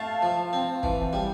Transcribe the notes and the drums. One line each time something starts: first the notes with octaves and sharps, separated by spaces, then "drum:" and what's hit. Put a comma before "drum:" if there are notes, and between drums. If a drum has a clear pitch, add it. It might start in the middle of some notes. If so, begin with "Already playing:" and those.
Already playing: A3 F5 A5
F3
C4
E3, drum: kick G1
G3